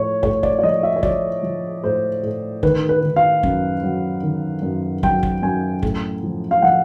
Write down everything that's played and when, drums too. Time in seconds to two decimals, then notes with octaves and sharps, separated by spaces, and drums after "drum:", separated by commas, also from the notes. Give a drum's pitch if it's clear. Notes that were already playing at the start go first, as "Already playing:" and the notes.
Already playing: A2 F3 C#5
0.23 A2 C#5, drum: kick
0.43 D5, drum: kick
0.59 D5
0.63 F3 D#5
0.83 E5
0.96 C#5
1.03 F3 D5, drum: kick
1.43 F3
1.83 A2 C5
2.23 A2
2.63 D#3 B4, drum: kick
2.89 B4
3.03 D#3
3.16 F5
3.43 F#2, drum: kick
3.83 F#3
4.23 D#3
4.63 F#2
5.03 F#3 G5, drum: kick
5.23 drum: kick
5.43 F#2 G#5
5.83 A2, drum: kick
6.23 F3
6.51 F5
6.62 F3 F#5